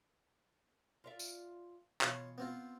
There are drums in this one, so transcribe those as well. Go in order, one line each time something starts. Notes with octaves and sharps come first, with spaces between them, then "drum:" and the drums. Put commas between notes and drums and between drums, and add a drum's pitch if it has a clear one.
F4 D5 E5
drum: tambourine
B2 E3 F4 C#5 F5, drum: clap
B3 C4 F4